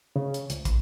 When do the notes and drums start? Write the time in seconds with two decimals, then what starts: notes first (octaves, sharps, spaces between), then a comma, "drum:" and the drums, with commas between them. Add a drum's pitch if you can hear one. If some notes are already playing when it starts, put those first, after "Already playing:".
0.16 C#3
0.34 drum: hi-hat
0.50 C#2, drum: hi-hat
0.65 drum: kick, hi-hat